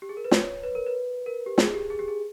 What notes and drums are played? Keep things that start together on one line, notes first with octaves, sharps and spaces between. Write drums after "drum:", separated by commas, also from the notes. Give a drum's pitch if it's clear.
G4
G#4
A#4
B4
C#5, drum: snare
B4
A#4
B4
A#4
G4
G#4, drum: snare
G4
G#4
G4
G#4